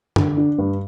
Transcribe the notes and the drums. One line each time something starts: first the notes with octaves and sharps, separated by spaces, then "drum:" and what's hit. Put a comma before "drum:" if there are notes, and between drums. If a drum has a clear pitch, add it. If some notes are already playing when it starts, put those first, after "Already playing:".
D3, drum: tom
D4
G2